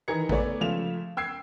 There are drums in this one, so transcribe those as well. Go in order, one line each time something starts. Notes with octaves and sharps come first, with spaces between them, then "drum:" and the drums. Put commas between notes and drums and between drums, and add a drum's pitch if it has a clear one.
D#3 E3 A#5 G#6 C#7
A3 B3 C#5 D5, drum: kick A1
C#3 F3 A3 E7 F7
G5 E6 G#6 C7